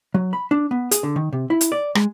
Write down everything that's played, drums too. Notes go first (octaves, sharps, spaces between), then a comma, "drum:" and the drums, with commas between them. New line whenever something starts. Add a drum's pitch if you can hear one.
F#3
B5
D4
B3
G#4, drum: hi-hat
D3
D#3
C3
E4
drum: hi-hat
D5
G#3, drum: rim click